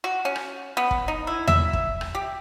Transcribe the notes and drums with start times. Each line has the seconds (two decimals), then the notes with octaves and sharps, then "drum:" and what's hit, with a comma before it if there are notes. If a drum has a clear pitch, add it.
0.04 F#4
0.25 C#4
0.36 drum: rim click
0.77 B3
0.91 drum: kick
1.08 D#4
1.27 E4
1.47 E5, drum: tom E2
1.73 drum: kick
2.01 drum: rim click
2.15 G4